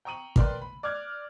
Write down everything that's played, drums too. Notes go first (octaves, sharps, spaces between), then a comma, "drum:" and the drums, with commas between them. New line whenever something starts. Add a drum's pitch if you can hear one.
G5 A#5 C#6 D#6 D#7 F#7
A#4 B4 D5 G5 C6, drum: kick
B5
D5 D6 F6 F#6 G#6